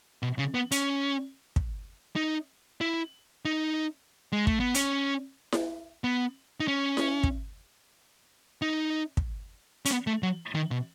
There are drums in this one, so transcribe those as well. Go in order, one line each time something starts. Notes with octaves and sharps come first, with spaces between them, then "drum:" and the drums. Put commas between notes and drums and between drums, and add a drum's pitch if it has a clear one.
B2
C#3
B3
C#4, drum: hi-hat
drum: kick
D#4
E4
D#4
G#3
A3, drum: kick
B3
C#4, drum: hi-hat
drum: snare E4
B3
D#4
C#4
drum: snare E4
drum: kick
D#4
drum: kick
C#4, drum: hi-hat
B3
A3
F#3
D#3
B2